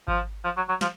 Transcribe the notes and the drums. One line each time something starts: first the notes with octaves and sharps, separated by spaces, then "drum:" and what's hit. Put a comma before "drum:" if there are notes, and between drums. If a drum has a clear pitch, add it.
F3, drum: kick G#1
F3
F#3
F#3
F3, drum: snare